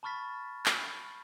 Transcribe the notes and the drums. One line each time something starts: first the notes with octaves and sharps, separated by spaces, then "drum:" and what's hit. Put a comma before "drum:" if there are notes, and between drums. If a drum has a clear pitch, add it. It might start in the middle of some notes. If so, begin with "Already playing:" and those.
A5 B5 C#6 F6 A6 B6
drum: clap